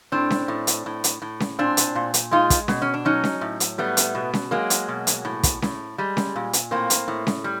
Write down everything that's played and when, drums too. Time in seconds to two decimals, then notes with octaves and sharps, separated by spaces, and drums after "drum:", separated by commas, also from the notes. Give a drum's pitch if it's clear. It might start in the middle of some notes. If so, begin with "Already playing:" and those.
0.12 A2 C4 D4
0.30 drum: snare C#4
0.48 A2
0.67 drum: hi-hat
0.86 A2
1.04 drum: hi-hat
1.22 A2
1.40 drum: snare C#4
1.59 A#2 C4 D4
1.77 drum: hi-hat
1.95 A#2
2.14 drum: hi-hat
2.31 G#3 D#4 F4
2.50 drum: kick, hi-hat
2.68 B2, drum: snare C#4
2.82 C#4
2.94 D4
3.05 F#3 C#4 D#4
3.24 drum: snare C#4
3.41 A2
3.60 drum: hi-hat
3.78 G3 A3 B3
3.97 drum: hi-hat
4.15 B2
4.33 drum: snare C#4
4.51 F#3 G#3 A#3
4.70 drum: hi-hat
4.88 B2
5.07 drum: hi-hat
5.25 A2
5.43 drum: kick, hi-hat
5.62 A2, drum: snare C#4
5.98 G3 G#3
6.17 drum: snare C#4
6.36 A#2
6.53 drum: hi-hat
6.71 A2 A#3 C4
6.90 drum: hi-hat
7.08 A2
7.27 drum: snare C#4
7.44 G3